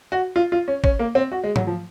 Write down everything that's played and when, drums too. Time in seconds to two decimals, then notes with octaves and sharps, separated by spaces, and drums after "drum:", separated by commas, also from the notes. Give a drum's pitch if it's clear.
0.12 F#4
0.36 F4
0.52 F4
0.68 C#4
0.84 C#4, drum: kick A1
0.99 A#3
1.15 C4
1.32 F#4
1.44 G#3
1.56 F#3, drum: tom G#2
1.67 F3